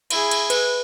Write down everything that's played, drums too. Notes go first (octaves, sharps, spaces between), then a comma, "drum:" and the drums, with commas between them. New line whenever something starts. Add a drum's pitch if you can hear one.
E4 G#4, drum: cymbal
drum: cymbal
B4, drum: cymbal